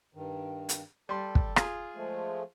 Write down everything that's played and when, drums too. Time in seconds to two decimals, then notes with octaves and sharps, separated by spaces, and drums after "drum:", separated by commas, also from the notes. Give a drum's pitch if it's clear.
0.15 G2 D#3
0.69 drum: hi-hat
1.09 G3 A4 C6
1.35 drum: kick
1.56 F4 G#4, drum: rim click
1.96 F3 G#3 A3